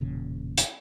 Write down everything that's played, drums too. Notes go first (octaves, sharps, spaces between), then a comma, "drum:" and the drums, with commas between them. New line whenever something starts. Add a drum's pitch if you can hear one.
E1 E2 A#2 C#3
drum: hi-hat